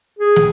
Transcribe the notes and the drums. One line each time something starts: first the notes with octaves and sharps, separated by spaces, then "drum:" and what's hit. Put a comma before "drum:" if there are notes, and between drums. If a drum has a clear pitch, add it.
G#4
drum: snare